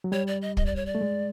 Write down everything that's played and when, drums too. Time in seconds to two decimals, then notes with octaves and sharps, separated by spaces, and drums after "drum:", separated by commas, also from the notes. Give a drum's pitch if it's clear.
0.04 F#3
0.12 G3 C#5
0.27 D5
0.42 D#5
0.57 D#5, drum: kick
0.66 D5
0.76 C#5
0.86 D5
0.95 A3
1.01 G#3